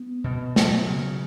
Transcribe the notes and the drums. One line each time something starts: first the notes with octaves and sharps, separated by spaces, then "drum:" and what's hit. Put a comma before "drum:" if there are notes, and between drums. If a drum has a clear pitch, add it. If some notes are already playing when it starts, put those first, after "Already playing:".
Already playing: B3
B2
F#3, drum: snare
C#3